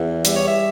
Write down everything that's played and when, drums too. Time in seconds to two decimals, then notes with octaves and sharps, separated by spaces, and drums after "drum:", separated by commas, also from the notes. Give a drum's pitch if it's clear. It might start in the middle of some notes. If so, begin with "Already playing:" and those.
Already playing: E2
0.25 G3 E5, drum: hi-hat
0.35 C#5
0.47 E5